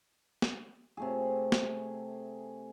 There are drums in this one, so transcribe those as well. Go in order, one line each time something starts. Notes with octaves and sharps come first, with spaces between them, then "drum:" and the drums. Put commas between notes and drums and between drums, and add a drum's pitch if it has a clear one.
drum: snare
C3 A3 G#4
drum: snare